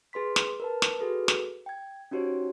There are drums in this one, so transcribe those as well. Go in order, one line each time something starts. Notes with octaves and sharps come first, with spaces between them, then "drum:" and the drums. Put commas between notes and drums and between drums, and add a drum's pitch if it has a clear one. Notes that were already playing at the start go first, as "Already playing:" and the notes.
G#4 B4 C6 B6
drum: snare
A#4 B4 A5
drum: snare
F#4 G#4 A4 B4
drum: snare
G5 G#6
C#4 D#4 F#4 G4 C5 C#5